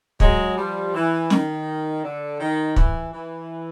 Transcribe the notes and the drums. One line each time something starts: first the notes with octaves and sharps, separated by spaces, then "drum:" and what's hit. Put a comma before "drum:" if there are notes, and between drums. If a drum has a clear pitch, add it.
F#3 G#3, drum: kick
F3 G3
E3
D#3, drum: snare
D3
D#3
E3, drum: kick
E3